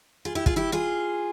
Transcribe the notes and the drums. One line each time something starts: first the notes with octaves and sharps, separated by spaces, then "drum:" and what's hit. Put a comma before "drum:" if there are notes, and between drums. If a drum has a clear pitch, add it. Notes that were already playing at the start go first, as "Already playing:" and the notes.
F4 G#4
E4 G4
F4 G#4, drum: kick
E4 G4
F4 G#4